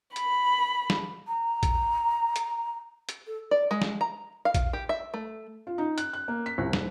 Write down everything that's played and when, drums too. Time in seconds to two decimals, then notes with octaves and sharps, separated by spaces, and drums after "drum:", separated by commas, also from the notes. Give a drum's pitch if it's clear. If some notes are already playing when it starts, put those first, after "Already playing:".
0.16 B5, drum: hi-hat
0.90 drum: snare
1.27 A#5
1.63 drum: kick A#1, hi-hat
2.36 drum: hi-hat
3.09 drum: hi-hat
3.27 A4
3.51 D5
3.71 G#3
3.82 drum: snare
4.01 A#5
4.45 F5
4.54 drum: kick A#1, hi-hat
4.73 G4
4.89 E5
5.14 A3
5.67 F4
5.78 D#4
5.98 F#6, drum: hi-hat
6.13 F#6
6.28 A#3
6.46 B6
6.58 C2
6.73 D#1, drum: snare